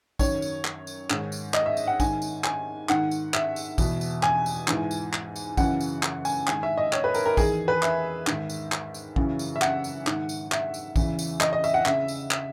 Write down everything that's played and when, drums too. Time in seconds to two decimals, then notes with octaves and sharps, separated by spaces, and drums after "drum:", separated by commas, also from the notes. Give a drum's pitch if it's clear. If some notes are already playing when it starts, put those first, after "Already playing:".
0.19 F#2 D#3 C#5, drum: kick, tambourine
0.42 drum: tambourine
0.65 drum: clap
0.87 drum: tambourine
1.10 G#2 D#3, drum: clap
1.32 drum: tambourine
1.54 D#5, drum: clap
1.66 E5
1.77 drum: tambourine
1.87 F#5
2.00 G#2 D#3 G#5, drum: kick, tambourine
2.22 drum: tambourine
2.44 G#5, drum: clap
2.89 G#2 D#3 F#5, drum: clap
3.11 drum: tambourine
3.34 E5, drum: clap
3.56 drum: tambourine
3.78 E2 B2, drum: kick, tambourine
4.01 drum: tambourine
4.23 G#5, drum: clap
4.46 drum: tambourine
4.68 G#2 E3, drum: clap
4.91 drum: tambourine
5.13 drum: clap
5.36 drum: tambourine
5.57 F#2 C#3 E3 F#5, drum: kick, tambourine
5.80 drum: tambourine
6.03 drum: clap
6.25 G#5, drum: tambourine
6.47 G#2 D#3 G#5, drum: clap
6.63 E5
6.78 D#5
6.93 C#5, drum: clap
7.04 B4
7.14 A#4, drum: tambourine
7.26 A#4
7.37 E2 D#3 G#4, drum: kick, tambourine
7.68 B4
7.83 E5, drum: clap
8.27 G#2 D#3, drum: clap
8.50 drum: tambourine
8.72 drum: clap
8.94 drum: tambourine
9.16 F#2 C#3 E3, drum: kick
9.39 drum: tambourine
9.56 E5
9.62 F#5, drum: clap
9.84 drum: tambourine
10.07 G#2 D#3, drum: clap
10.29 drum: tambourine
10.52 E5, drum: clap
10.74 drum: tambourine
10.96 E2 C#3 E3, drum: kick, tambourine
11.19 drum: tambourine
11.41 D#5, drum: clap
11.53 D#5
11.64 E5, drum: tambourine
11.74 F#5
11.86 C#3 E5, drum: clap
12.08 drum: tambourine
12.31 drum: clap